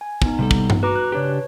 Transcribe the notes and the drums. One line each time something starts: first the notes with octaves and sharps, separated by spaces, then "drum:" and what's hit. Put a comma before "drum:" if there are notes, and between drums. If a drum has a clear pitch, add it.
G#5
B3 D#4, drum: kick
C3 G3 A4
drum: kick
drum: tom G2
F#4 B4 A#5 D6
F#6
C#3 D4 G4 B4 C#5